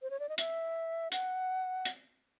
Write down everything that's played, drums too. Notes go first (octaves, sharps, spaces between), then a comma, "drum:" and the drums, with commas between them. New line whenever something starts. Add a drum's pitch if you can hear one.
C5
C#5
D5
D#5
E5, drum: hi-hat
F#5, drum: hi-hat
drum: hi-hat